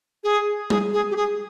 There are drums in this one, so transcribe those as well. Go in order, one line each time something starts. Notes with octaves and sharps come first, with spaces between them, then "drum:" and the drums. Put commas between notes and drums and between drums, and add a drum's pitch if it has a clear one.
G#4
G#4, drum: tom G3
G#4
G4
G#4